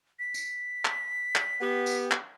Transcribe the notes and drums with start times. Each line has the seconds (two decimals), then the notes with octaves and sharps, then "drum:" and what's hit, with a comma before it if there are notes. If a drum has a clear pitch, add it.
0.19 B6
0.34 drum: tambourine
0.85 drum: clap
1.36 drum: clap
1.61 B3 G4
1.86 drum: tambourine
2.11 drum: clap